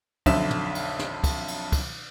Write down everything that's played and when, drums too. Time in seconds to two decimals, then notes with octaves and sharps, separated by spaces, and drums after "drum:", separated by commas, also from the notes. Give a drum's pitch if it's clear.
0.26 B1 F2 D3 E5 E7, drum: kick, cymbal
0.50 drum: tom
0.75 drum: cymbal
0.99 drum: snare
1.24 drum: kick, cymbal
1.48 drum: cymbal
1.72 drum: kick, cymbal